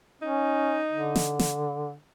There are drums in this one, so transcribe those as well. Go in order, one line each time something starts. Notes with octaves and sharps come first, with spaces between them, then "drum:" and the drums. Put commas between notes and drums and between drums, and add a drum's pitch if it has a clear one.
C#4 D#4
D3
drum: snare
drum: snare